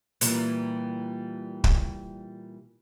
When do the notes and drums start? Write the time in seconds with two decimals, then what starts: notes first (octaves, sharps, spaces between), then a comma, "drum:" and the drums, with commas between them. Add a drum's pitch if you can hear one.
0.21 A#2 E3 G3, drum: hi-hat
1.64 drum: kick